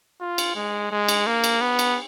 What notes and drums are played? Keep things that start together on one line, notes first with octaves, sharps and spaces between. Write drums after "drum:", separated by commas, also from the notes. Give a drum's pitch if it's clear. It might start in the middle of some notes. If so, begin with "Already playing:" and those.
F4
drum: cymbal
G#3
G#3
drum: cymbal
A#3
drum: cymbal
B3
drum: cymbal